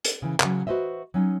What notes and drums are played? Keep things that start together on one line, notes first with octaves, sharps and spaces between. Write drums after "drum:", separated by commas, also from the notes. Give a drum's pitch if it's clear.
drum: hi-hat
C#3 E3
C#3 F#3, drum: clap
F#4 B4 C5 D#5 E5
F#3 C#4 D#4